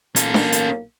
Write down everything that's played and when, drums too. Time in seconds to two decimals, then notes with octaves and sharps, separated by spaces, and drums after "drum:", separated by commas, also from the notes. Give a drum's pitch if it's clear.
0.16 B1 A#2 A#3 C#4 A4, drum: hi-hat
0.34 drum: snare D4
0.52 drum: hi-hat